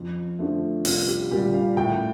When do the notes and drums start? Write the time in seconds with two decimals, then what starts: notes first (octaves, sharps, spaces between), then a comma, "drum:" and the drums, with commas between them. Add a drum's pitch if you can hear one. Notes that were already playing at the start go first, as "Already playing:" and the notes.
Already playing: F2 F4
0.39 D3 F3 A3
0.85 C2 F4, drum: open hi-hat
1.08 G4
1.31 A#2 G3 G4
1.54 F5
1.76 A2 G5